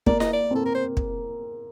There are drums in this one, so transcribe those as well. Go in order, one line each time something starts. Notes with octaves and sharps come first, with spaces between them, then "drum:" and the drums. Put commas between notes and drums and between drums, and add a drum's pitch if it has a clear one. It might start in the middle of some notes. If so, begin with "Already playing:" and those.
A#3 D5, drum: kick
D#5, drum: snare E4
D5
C4 A4
A#4
C5
drum: kick